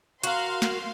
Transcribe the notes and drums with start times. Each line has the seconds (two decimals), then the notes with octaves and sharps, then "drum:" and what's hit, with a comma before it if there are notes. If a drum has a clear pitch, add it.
0.23 F#4 A#4 F5 C6, drum: hi-hat
0.62 drum: snare